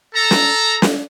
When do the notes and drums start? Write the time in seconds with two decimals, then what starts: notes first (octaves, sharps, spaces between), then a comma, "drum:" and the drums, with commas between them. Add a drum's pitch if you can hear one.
0.14 A4 A#5
0.31 drum: snare
0.82 drum: snare